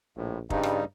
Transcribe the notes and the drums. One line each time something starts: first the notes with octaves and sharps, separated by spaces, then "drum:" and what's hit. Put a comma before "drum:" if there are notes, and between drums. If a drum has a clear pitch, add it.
A#1 A2
G2 C#3 G3 D#4, drum: kick
drum: rim click